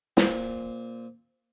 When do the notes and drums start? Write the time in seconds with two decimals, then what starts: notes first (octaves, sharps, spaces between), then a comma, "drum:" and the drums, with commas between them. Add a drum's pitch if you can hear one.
0.17 A#2 C4, drum: snare